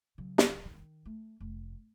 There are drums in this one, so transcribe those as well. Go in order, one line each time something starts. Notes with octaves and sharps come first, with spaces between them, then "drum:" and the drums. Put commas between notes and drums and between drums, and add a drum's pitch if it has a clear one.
C#3 F#3
drum: snare
D#3
A3
F1